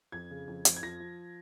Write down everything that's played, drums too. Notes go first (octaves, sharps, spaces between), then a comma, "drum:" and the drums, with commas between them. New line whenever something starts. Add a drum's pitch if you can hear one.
F2 G#6
C#3
F2
F2, drum: hi-hat
G#6
F3 A#6
F3